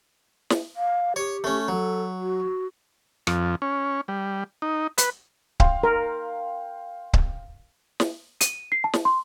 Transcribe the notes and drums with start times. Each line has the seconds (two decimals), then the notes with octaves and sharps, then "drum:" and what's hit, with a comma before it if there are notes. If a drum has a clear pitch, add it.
0.50 drum: snare
0.76 F5
1.16 G4 C#5
1.44 A3 C#4
1.68 F#3 A4
2.20 F#4
3.27 F2, drum: rim click
3.62 C#4
4.08 G3
4.62 D#4
4.98 B4, drum: hi-hat
5.60 F5 G5 C6, drum: kick C#1
5.83 A#4
7.13 drum: kick C#1
8.00 drum: snare
8.41 D#7, drum: hi-hat
8.72 C7
8.84 A5
8.93 drum: snare
9.05 C6